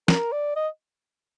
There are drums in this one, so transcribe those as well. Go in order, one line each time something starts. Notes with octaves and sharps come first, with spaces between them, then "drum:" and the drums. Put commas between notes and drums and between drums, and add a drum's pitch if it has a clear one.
A#4, drum: snare
D5
D#5